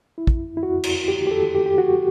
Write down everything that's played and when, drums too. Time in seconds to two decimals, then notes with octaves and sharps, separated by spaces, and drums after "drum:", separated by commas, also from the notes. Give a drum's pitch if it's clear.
0.18 E4
0.27 drum: kick
0.57 E4
0.63 F#4
0.84 drum: cymbal
1.08 G4
1.27 G4
1.31 A4
1.55 G4
1.66 G4
1.78 F#4